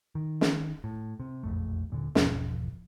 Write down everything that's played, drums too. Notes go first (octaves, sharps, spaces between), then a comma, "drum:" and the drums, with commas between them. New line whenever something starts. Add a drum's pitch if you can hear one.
D#3
drum: snare
A2
C3
E1 A#1 F2 A3
D#1 A#2 D3
G#1 E2 B2 F3, drum: snare